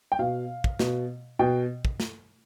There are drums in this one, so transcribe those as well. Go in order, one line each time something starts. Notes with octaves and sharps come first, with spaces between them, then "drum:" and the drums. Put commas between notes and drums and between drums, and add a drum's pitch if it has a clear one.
G5
B2 F5
drum: kick
B2, drum: snare
B2 G5
drum: kick
drum: snare